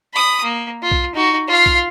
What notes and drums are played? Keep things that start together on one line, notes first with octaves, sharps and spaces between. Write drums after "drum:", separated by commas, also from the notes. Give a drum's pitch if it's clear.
B5 D#6
A#3
F4
drum: kick B1
D#4 F#4
F4 F5
drum: kick B1